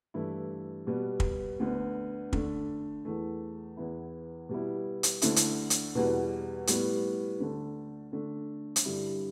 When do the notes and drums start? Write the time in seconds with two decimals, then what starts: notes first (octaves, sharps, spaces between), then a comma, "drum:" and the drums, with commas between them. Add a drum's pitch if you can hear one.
0.14 G2 E3 A3 E4
0.87 B2 G3 B3
1.20 drum: kick
1.60 D2 D3 B3
2.33 D3 A3 D4, drum: kick
3.05 E2 E3 A3
3.77 E2 E3 B3 E4
4.49 B2 G3 B3 E4
5.03 drum: hi-hat
5.22 D2 D3 A3 E4, drum: hi-hat
5.36 drum: hi-hat
5.70 drum: hi-hat
5.95 E2 B2 G3 B3
6.67 A2 G3 B3, drum: hi-hat
7.40 D2 D3 A3
8.12 D3 A3 D4
8.76 drum: hi-hat
8.85 G2 D3 G3 E4